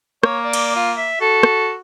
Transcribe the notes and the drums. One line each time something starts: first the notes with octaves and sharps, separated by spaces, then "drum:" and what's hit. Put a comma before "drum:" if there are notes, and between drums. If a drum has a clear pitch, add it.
A#3 C#5, drum: rim click
D5
drum: cymbal
F4
E5
F#4 A4
drum: rim click